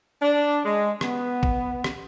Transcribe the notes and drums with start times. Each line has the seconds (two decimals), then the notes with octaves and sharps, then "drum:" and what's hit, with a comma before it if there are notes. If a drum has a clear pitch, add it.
0.21 D4
0.65 G#3
1.01 B3, drum: rim click
1.43 drum: kick
1.84 drum: rim click